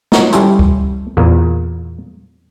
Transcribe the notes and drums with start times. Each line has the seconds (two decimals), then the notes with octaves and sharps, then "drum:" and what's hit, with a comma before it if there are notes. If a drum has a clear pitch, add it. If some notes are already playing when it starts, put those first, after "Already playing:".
0.12 D#4 F#4 C#5, drum: snare
0.32 G3 C#4 E4 A4 C5, drum: hi-hat
0.59 drum: kick C#2
1.17 E2 A#2 A#3